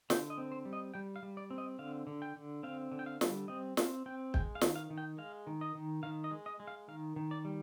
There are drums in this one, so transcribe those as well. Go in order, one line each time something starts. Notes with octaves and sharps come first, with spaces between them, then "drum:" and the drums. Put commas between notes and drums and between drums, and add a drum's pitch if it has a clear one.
D3 G5, drum: snare
D#5
C4
C5
G3
D#5
G3 G5
F5
G3
D5
C4
D#5
D3 F5
D3
G5
D3
C4 F5
D3
G5
F5
G3, drum: snare
C4 D#5
C4 F5, drum: snare
C4 G5
G#3 G5, drum: kick
F5
D#3, drum: snare
F5
D#3
G5
G#3 F5
D#3
D#5
D#3
D#3 F5
D#5
G#3
D#5
G#3
F5
D#3 F5
D#3
D5
G3